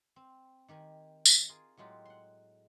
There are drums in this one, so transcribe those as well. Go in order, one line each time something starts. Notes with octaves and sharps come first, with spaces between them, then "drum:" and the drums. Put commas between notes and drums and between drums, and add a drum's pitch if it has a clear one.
C4
D#3 G4 A#4 G#5
drum: tambourine
F4 G#4 A#4
A2 F#3 G#3 F4 G4
F#5 C6